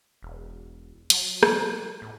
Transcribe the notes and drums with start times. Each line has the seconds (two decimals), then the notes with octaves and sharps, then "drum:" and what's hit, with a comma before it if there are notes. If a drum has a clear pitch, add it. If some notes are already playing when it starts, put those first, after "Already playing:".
0.23 E1
1.10 F#3, drum: hi-hat
1.43 drum: rim click
2.02 A2